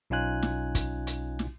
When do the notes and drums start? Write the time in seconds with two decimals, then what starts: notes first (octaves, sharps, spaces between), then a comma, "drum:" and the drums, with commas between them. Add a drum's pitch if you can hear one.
0.10 B1 C#4 D#4 F4 G#5 F#6
0.43 drum: snare
0.75 drum: kick, hi-hat
1.07 drum: hi-hat
1.39 drum: snare